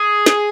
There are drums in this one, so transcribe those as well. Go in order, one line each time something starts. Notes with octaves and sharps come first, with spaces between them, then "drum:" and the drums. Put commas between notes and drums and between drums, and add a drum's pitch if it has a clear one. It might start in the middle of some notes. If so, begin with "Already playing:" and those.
Already playing: G#4
drum: snare